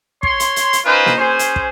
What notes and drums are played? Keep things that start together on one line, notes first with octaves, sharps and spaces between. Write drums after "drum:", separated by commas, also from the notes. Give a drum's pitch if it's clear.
C#5 C6, drum: kick
drum: hi-hat
drum: hi-hat
drum: hi-hat
C#4 D#4 F4 B4 C5
drum: snare A#3
C#4 G#4 C5
drum: hi-hat
drum: kick